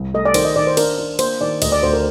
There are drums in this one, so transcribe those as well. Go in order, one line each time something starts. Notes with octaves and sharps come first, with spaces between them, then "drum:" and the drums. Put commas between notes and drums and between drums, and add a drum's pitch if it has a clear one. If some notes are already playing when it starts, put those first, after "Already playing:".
Already playing: C2
A3 D#5
D5
D#3 C5, drum: cymbal
D#5
D#3 D5
C5
D4 A#4, drum: cymbal
D4
A#3 C5, drum: cymbal
D#3 D5
D2 D#5, drum: cymbal
D5
D2 C5
A#4